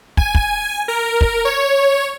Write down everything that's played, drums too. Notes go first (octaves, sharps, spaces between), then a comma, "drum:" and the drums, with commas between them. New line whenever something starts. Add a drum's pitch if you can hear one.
G#5, drum: kick
drum: kick
A#4
drum: kick
C#5